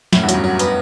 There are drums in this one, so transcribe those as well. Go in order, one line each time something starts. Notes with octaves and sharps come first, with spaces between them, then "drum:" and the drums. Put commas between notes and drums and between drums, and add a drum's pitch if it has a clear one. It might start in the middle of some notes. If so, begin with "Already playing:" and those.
F#2 A2 E4, drum: snare
E2 G2
F#3, drum: hi-hat
F#2
F#3
B3, drum: hi-hat